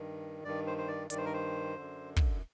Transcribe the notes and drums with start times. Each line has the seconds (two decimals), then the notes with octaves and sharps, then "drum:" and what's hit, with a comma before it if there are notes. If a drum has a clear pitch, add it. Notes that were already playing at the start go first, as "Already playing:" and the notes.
Already playing: G2 D#3
0.44 G2 D#3 D5
0.67 C5
0.78 C5
0.88 D5
1.10 G2 D#3 D5, drum: hi-hat
1.18 C5
1.25 A#4
1.34 C5
1.77 F#2 D3
2.17 drum: kick